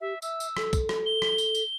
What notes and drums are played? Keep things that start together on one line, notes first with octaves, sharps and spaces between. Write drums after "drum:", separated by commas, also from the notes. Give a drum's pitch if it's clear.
G4 E5
E5 E6, drum: tambourine
drum: tambourine
A4, drum: rim click
drum: kick, tambourine
drum: rim click
G7
drum: rim click
drum: tambourine
drum: tambourine